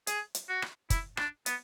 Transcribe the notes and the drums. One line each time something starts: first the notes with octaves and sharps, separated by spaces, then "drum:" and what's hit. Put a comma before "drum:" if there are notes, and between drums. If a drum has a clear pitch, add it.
G#4, drum: hi-hat
drum: hi-hat
F#4
drum: rim click
E4, drum: kick, hi-hat
D4, drum: rim click
B3, drum: hi-hat